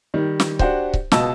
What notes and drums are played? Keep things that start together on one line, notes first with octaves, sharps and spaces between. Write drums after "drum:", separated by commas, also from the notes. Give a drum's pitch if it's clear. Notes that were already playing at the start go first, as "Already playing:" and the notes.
D#3 G3
drum: snare
D4 F#4 G4 C5, drum: kick C#1
drum: kick C#1
C#2 B2 D#5 A5 E6, drum: snare